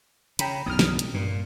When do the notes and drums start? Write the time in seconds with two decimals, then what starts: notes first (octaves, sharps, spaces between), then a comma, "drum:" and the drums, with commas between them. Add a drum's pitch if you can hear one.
0.39 C#3 G5 A#5 B5, drum: hi-hat
0.66 B1 E2 G2 D#6 F6
0.79 drum: snare
0.99 drum: hi-hat
1.14 G2 A#2